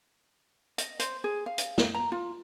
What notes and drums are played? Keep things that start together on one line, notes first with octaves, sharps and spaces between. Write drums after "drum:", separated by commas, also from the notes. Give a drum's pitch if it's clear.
D#5, drum: hi-hat
C5, drum: hi-hat
G#4
F5
drum: hi-hat
drum: snare
A#5
F4